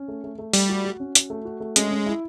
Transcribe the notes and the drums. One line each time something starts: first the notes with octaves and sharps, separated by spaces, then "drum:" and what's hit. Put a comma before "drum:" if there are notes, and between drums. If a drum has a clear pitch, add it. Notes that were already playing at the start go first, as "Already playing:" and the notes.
Already playing: C#4
A3
A3
A3
G3 A3, drum: open hi-hat
F#4
F#4
C#4
F#4, drum: hi-hat
A3
F#4
A3
G#3 C#4, drum: hi-hat
C#4
E4